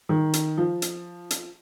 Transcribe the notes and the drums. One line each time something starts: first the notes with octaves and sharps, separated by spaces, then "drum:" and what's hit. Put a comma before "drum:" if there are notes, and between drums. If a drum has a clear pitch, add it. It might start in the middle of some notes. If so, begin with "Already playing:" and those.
D#3
drum: hi-hat
F3
drum: hi-hat
drum: hi-hat